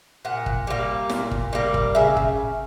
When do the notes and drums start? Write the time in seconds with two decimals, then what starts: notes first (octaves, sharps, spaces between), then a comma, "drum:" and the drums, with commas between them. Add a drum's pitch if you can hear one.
0.25 A#2 F#5
0.46 drum: kick
0.67 G3 A#3
1.09 A#2, drum: snare E4
1.31 drum: kick
1.53 G3 A#3
1.74 drum: kick
1.95 C#3 E5
2.17 drum: kick